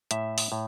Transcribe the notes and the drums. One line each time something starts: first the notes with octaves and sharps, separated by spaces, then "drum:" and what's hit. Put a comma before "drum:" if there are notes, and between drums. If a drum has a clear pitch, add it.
A2 E5, drum: hi-hat
drum: open hi-hat
A2